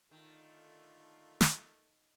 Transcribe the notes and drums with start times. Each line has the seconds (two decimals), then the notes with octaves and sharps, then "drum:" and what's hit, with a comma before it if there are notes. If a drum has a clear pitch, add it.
0.11 A#1 D3 D#3 A3 F4 A4 A#4
1.41 drum: snare